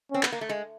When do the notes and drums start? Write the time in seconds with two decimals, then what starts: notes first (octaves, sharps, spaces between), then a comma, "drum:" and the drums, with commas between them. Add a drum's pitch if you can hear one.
0.11 C4 C#4
0.23 B3, drum: clap
0.32 A#3
0.41 A3
0.49 G#3